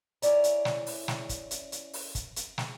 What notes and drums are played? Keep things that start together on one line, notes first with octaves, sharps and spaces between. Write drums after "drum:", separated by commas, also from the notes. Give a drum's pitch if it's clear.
C#4 E4 D5 A#5, drum: hi-hat
drum: hi-hat
drum: snare
drum: open hi-hat
drum: snare
drum: kick, hi-hat
drum: hi-hat
drum: hi-hat
drum: open hi-hat
drum: kick, hi-hat
drum: hi-hat
drum: snare